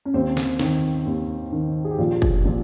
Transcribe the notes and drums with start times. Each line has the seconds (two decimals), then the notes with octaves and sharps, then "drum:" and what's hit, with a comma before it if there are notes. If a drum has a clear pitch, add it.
0.05 C#4
0.14 D#2 C4
0.37 drum: snare
0.59 D#3, drum: snare
1.06 D#2
1.52 D#3
1.84 G#4
1.91 G4
1.98 A#1 F4
2.22 drum: kick
2.45 A#2 F3